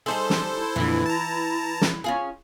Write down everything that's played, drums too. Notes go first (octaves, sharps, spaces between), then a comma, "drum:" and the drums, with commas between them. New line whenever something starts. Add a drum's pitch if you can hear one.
G3 D#4 G#4 A4 C5 C6
drum: snare
E4
F2 A#2 D3 E3
A5 A#5
drum: snare
C#4 F4 G#4